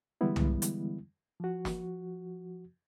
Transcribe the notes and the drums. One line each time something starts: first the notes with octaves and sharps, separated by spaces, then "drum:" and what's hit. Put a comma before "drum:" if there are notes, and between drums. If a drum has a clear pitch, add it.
D3 E3 G3 G#3 B3 E4
drum: tom C2
drum: hi-hat
F3 F#4
drum: snare